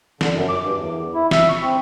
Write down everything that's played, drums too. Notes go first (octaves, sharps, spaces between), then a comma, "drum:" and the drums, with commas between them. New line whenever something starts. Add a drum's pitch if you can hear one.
D3, drum: snare
F#2
D6
G2
E2
E4
E5, drum: snare
C#6
C4